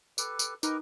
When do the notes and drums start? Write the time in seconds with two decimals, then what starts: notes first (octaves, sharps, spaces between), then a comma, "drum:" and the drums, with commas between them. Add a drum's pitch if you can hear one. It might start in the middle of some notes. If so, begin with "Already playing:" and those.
0.18 G4 A4 B4, drum: tambourine
0.39 drum: tambourine
0.63 D#4 G4 A#4 B4, drum: tambourine